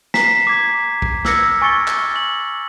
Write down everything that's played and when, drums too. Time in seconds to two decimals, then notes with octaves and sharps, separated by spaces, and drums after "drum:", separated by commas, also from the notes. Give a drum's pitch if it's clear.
0.14 G#5 A#5 B6 C7 E7, drum: snare
0.47 D6 G#6
1.02 drum: kick
1.25 D6 E6 F6 G#6 A#6 C#7, drum: snare
1.62 G#5 C#6 E6 A6 C#7 G7
1.88 drum: clap
2.16 F#7